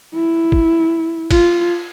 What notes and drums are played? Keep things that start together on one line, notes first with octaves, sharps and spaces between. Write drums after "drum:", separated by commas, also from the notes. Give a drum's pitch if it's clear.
E4
drum: kick
F4, drum: kick, cymbal